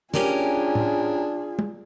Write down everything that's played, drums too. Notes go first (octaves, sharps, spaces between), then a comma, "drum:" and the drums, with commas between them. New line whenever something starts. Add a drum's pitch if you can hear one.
C#4 D4 F4 G4 G#4 A#4, drum: snare
drum: tom
drum: tom